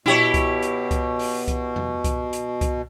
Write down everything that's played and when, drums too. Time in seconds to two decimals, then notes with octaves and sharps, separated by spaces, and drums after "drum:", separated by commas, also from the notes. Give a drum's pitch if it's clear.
0.06 B2 E4 G4 C#5, drum: tom A#2
0.34 drum: kick C2, hi-hat
0.62 drum: hi-hat
0.91 drum: kick C2, hi-hat
1.19 drum: open hi-hat
1.48 drum: kick C2, hi-hat
1.76 drum: tom E2
2.04 drum: kick C2, hi-hat
2.33 drum: hi-hat
2.61 drum: kick C2, hi-hat